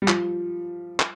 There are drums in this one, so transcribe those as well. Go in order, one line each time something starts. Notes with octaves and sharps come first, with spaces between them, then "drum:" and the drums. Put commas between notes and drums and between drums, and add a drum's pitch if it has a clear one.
G3
F3, drum: clap
drum: clap